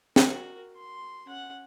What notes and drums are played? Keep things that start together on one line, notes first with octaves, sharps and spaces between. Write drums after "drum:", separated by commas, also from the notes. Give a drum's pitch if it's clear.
F#4 A#4, drum: snare
C6
C#4 F#5